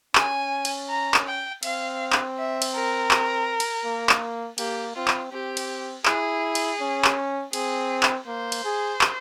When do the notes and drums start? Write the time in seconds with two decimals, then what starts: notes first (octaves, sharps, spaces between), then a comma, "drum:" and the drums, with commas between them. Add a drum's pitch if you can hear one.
0.15 C#4 G#5, drum: clap
0.65 drum: cymbal
0.90 A#5
1.14 drum: clap
1.26 G5
1.63 C4 F5, drum: cymbal
2.12 drum: clap
2.38 E5
2.62 drum: cymbal
2.74 A#4
3.11 drum: clap
3.60 drum: cymbal
3.84 A#3
4.09 drum: clap
4.58 A#3 G4, drum: cymbal
4.95 C4 F4
5.08 drum: clap
5.32 C4 G4
5.57 drum: cymbal
6.05 E4 G#4, drum: clap
6.55 drum: cymbal
6.80 C#4
7.04 drum: clap
7.53 C4 G#4, drum: cymbal
8.03 drum: clap
8.27 A#3 C5
8.52 drum: cymbal
8.64 G#4
9.01 drum: clap